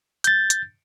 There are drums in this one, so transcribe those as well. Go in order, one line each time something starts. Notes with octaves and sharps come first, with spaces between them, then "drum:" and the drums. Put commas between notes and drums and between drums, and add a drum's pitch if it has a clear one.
G6 A6, drum: hi-hat
drum: hi-hat